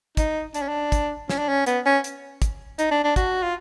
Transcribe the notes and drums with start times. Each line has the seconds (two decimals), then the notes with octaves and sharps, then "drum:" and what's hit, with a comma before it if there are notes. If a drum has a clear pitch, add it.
0.17 D#4, drum: kick, hi-hat
0.54 D4, drum: hi-hat
0.62 C#4
0.68 D4
0.92 drum: kick, hi-hat
1.29 C#4, drum: snare
1.39 D4
1.49 C#4
1.66 B3, drum: hi-hat
1.86 C#4
2.04 drum: hi-hat
2.42 drum: kick, hi-hat
2.79 D#4, drum: hi-hat
2.91 D4
3.04 D4
3.16 F#4, drum: kick, hi-hat
3.43 F4